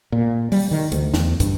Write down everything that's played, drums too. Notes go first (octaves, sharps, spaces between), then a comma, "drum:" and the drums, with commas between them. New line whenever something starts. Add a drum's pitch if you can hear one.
A#2
G3, drum: open hi-hat
D#3
D2, drum: hi-hat
E2, drum: snare
G2, drum: kick, hi-hat